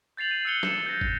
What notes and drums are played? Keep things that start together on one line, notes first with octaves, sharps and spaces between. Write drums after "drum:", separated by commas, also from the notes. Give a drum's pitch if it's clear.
G6 A6 C7 F7 F#7
D#7
E6 F#6 G#6 C#7 F7 G7
C#7 E7, drum: snare
G6 A#6
drum: kick